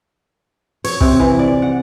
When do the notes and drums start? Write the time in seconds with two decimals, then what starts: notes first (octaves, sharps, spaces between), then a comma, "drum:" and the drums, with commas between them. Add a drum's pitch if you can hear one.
0.84 C#5, drum: open hi-hat
1.01 C3, drum: kick
1.20 E3
1.39 D5
1.62 F#5